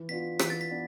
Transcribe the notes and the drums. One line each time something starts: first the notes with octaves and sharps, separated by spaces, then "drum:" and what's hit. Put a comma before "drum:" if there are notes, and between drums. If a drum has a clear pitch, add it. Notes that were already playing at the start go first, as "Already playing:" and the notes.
Already playing: E3
B3 D4 F4 B6
E3 B6, drum: rim click
A6
B6
B3 D4